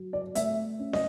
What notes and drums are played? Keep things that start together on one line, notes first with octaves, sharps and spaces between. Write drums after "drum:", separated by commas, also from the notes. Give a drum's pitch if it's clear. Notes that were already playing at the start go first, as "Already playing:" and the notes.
Already playing: F#3
D5
A3 E5, drum: hi-hat
C#4
D#5, drum: snare